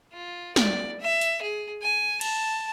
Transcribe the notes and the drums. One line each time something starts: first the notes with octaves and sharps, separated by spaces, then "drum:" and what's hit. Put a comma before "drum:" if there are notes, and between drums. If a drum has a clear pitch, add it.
F4
D5, drum: snare
E5
drum: hi-hat
G#4
G#5
A5, drum: cymbal